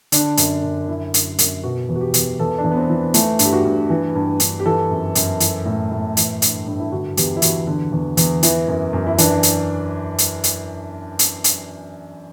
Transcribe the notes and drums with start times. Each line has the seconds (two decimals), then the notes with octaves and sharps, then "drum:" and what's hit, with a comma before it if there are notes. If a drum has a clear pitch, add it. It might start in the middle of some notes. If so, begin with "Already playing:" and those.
0.12 D3 D4, drum: hi-hat
0.37 F#2, drum: hi-hat
0.63 F#2
0.88 D3 E4
1.14 F#2, drum: hi-hat
1.38 F#2, drum: hi-hat
1.63 B2 F#4
1.89 E2
1.96 F#4
2.01 G4
2.14 E2, drum: hi-hat
2.39 E2 A4
2.58 D4
2.64 E2
2.72 B3
2.77 C4
2.90 E3
3.14 E3 A3, drum: hi-hat
3.39 G2, drum: hi-hat
3.45 G4
3.53 F#4
3.65 G2
3.90 E3
4.15 G2
4.40 G2, drum: hi-hat
4.60 G4
4.66 E3 A4
4.91 F#2
5.15 F#2, drum: hi-hat
5.40 E3, drum: hi-hat
5.66 A2
5.91 A2
6.17 E3, drum: hi-hat
6.42 G2, drum: hi-hat
6.66 G2
6.80 E4
6.92 D3 F#4
7.17 E2 G4, drum: hi-hat
7.37 E4
7.42 E2 F#4, drum: hi-hat
7.67 D3
7.92 E2
8.17 E2, drum: hi-hat
8.43 E3 E4, drum: hi-hat
8.68 F#2
8.93 F#2
9.07 E4
9.18 E3 D4, drum: hi-hat
9.43 drum: hi-hat
10.18 drum: hi-hat
10.44 drum: hi-hat
11.19 drum: hi-hat
11.44 drum: hi-hat